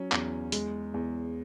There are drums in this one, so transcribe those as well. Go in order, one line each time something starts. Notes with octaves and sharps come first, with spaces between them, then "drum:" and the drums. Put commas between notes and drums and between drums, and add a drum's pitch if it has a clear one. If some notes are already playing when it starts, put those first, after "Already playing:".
Already playing: F#3 C#4
E2, drum: clap
G#3, drum: hi-hat
E2